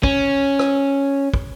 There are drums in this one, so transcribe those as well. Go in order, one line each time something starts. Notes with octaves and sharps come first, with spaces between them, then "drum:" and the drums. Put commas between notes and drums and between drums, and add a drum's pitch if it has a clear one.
C#4, drum: kick
drum: rim click
drum: kick